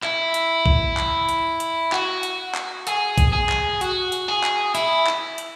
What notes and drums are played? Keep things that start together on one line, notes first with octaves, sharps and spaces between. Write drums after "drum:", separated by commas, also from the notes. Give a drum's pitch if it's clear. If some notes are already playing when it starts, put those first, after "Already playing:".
E4, drum: clap
drum: hi-hat
drum: kick A#1
drum: clap
drum: hi-hat
drum: hi-hat
F#4, drum: clap
drum: hi-hat
drum: clap
G#4, drum: hi-hat
drum: kick A#1, hi-hat
G#4
drum: clap
F#4, drum: hi-hat
drum: hi-hat
G#4
drum: clap
E4, drum: hi-hat
drum: clap
drum: hi-hat